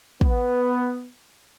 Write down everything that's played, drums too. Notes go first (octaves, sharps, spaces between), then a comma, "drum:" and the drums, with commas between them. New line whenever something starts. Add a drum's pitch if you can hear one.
B3, drum: kick